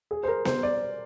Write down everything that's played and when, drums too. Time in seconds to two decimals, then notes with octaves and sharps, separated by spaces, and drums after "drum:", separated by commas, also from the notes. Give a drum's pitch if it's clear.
0.11 G#4
0.23 C5
0.28 A#4
0.45 C5, drum: snare B3
0.63 D5